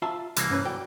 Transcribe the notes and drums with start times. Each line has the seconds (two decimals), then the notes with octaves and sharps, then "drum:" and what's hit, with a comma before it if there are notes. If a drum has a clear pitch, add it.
0.02 F4 E5 A5
0.36 C2 E3 A#3, drum: hi-hat
0.50 G2 C#4 B4
0.65 F#3 D5 G5